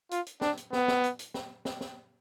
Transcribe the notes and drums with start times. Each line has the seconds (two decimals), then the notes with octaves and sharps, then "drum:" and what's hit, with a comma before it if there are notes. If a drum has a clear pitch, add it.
0.11 F4, drum: hi-hat
0.26 drum: hi-hat
0.41 D4, drum: snare
0.57 drum: hi-hat
0.73 B3, drum: snare
0.88 drum: snare
1.04 drum: hi-hat
1.19 drum: hi-hat
1.34 drum: snare
1.65 drum: snare
1.81 drum: snare